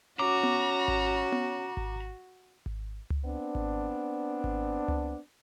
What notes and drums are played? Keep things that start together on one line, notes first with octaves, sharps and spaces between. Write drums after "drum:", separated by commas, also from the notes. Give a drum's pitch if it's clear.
C#4 F#4 A#5 D6
drum: tom B3
drum: kick G#1
drum: tom B3
drum: kick G#1
drum: kick G#1
drum: tom C#2
B3 C4 D4
drum: kick G#1
drum: kick G#1
drum: tom C#2